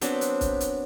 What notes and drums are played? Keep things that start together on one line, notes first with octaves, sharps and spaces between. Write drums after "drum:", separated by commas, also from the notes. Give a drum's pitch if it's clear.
F#3 B3 C4 D4, drum: hi-hat
drum: hi-hat
drum: kick, hi-hat
drum: hi-hat